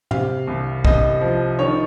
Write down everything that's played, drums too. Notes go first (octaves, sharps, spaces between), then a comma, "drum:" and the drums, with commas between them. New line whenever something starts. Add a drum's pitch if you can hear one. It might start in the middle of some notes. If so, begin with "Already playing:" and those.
C3 F5, drum: tom
C2
C2 D#5, drum: kick
F3
D#3 C#5